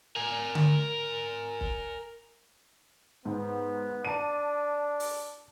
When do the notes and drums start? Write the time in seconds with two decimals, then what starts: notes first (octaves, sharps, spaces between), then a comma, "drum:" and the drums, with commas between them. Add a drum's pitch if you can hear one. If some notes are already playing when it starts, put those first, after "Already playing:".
0.16 A#4 G#5
0.55 drum: tom D3
1.61 drum: kick
3.25 G#2 B3
4.05 D4 A5 D#7
5.00 drum: open hi-hat